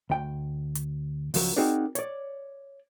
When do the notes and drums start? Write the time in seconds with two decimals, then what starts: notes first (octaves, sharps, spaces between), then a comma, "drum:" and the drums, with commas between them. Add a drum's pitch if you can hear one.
0.10 D2 G5
0.75 drum: hi-hat
1.34 C#2 F3 F#3 A#4, drum: open hi-hat
1.56 C4 D#4 F#4 G#4 A#4 D5
1.95 C#5 D5, drum: hi-hat